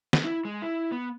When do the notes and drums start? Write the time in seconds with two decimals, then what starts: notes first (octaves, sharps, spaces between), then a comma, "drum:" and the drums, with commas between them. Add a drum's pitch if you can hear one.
0.13 drum: snare
0.25 E4
0.45 G#3
0.62 E4
0.92 B3